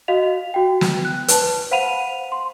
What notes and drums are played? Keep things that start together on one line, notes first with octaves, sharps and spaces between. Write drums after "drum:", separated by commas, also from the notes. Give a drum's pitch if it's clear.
F#4 D#5 F5 F7
F#4 G5
drum: snare
F#6
B4 A5, drum: hi-hat
C5 F5 F#5 B5 D#7 F7
C6